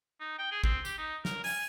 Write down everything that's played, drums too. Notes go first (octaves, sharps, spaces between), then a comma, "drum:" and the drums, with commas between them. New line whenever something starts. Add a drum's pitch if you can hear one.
D#4
G5
G#4
C4, drum: kick
G4, drum: tambourine
D#4
A#4, drum: snare
G#5, drum: open hi-hat